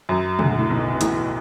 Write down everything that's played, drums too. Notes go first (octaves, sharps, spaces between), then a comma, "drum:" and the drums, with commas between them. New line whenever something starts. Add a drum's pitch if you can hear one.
F#2 F#3
D2 D3, drum: tom
A2
B1 B2
B2
A1 A2, drum: hi-hat